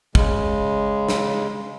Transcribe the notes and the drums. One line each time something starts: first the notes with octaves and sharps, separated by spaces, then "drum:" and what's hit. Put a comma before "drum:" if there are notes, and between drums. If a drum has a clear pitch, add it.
C#3 G#3, drum: kick
drum: snare